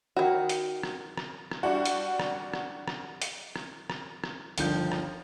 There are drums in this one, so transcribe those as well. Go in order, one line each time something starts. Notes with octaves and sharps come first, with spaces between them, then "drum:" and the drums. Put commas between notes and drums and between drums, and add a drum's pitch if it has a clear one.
D#3 F#4
drum: hi-hat
drum: rim click
drum: rim click
drum: rim click
G3 D4 F#4
drum: hi-hat
drum: rim click
drum: rim click
drum: rim click
drum: hi-hat
drum: rim click
drum: rim click
drum: rim click
G1 D3 D#3 F3 G6, drum: hi-hat
drum: rim click